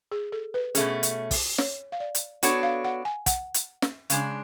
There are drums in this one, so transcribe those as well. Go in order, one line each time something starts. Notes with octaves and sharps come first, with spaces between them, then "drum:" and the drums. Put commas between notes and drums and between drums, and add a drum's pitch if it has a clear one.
G#4
A4
B4
B2 A3 C#4 G#4, drum: hi-hat
drum: hi-hat
drum: kick, open hi-hat
C#5, drum: snare
F5
D5
drum: hi-hat
B3 D4 F#4 A4 C#5 F#5, drum: hi-hat
F5
F#5
G#5
F#5, drum: kick, hi-hat
drum: hi-hat
drum: snare
C#3 G#3 D4, drum: hi-hat